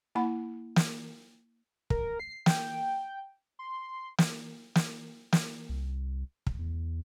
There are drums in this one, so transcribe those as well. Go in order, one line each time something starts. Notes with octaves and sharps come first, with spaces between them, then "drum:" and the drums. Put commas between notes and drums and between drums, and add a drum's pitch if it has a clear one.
A#3 E4 F#5 B5
drum: snare
A#4, drum: kick
C7
G5, drum: snare
C6
drum: snare
drum: snare
drum: snare
C2
drum: kick
E2